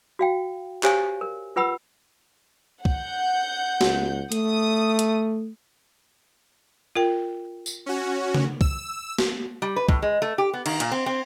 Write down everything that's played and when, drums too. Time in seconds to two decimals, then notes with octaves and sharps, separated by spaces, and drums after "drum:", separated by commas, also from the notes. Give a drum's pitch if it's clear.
0.19 F#4 F5 G5
0.83 G4 C5 C#5 F5 G#5, drum: clap
1.21 A#4
1.56 F4 B4 F#5 B5 E6
2.85 F#5 G6, drum: kick
3.81 C#2, drum: snare
4.32 A3 D#6, drum: hi-hat
4.99 drum: hi-hat
6.95 F4 A#4 G5
7.66 drum: tambourine
7.86 C#4 F#4
8.35 drum: tom
8.61 E6, drum: kick
9.18 drum: snare
9.62 G3
9.76 B4
9.89 A2, drum: kick
10.02 G#3
10.22 A3
10.38 G4
10.53 B3
10.66 D#3, drum: cymbal
10.80 A#2, drum: hi-hat
10.91 C4
11.06 C4